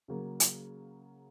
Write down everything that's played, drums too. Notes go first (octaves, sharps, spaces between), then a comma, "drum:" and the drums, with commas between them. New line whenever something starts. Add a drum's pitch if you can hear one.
C#3 F#3 A#3
drum: hi-hat